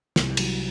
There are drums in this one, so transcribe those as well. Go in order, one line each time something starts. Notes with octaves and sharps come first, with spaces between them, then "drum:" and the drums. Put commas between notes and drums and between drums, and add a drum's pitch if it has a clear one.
C2, drum: snare
F#3, drum: cymbal